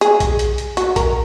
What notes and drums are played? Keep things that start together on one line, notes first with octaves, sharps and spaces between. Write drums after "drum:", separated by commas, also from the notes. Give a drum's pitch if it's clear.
G#4, drum: hi-hat
drum: kick A#1, hi-hat
drum: hi-hat
drum: hi-hat
F#4, drum: hi-hat
A#4, drum: kick A#1, hi-hat